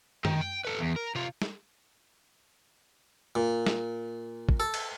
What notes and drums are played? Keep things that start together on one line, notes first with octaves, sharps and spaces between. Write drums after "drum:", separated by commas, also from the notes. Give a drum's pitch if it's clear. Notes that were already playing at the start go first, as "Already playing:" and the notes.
D#3, drum: tom F#2
G5
A4 B4
E2
A#4
C3 F4
drum: snare
A#2
drum: snare
drum: kick
A4
drum: cymbal